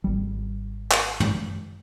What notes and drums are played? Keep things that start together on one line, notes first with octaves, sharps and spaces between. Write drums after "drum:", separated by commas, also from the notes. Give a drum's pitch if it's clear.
G#1 G3
drum: clap
drum: tom